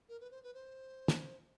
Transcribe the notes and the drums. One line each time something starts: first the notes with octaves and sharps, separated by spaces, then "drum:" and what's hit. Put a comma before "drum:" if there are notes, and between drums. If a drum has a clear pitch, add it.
A#4
B4
C5
B4
C5
drum: snare